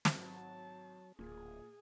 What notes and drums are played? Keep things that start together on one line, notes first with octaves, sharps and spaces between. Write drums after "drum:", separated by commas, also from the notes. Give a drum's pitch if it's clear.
drum: snare
G#1 F#3 A5
D1 A#2 G#4